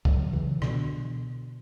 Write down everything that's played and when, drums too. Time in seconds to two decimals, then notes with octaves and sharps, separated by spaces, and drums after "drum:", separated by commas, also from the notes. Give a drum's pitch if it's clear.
0.05 D3 F#3, drum: kick
0.33 C#3 E3
0.62 B2 D3, drum: rim click